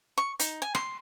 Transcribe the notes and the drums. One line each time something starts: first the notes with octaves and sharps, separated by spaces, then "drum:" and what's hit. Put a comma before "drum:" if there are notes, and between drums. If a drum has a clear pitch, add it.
C#6
D#4, drum: hi-hat
G#5
C6, drum: rim click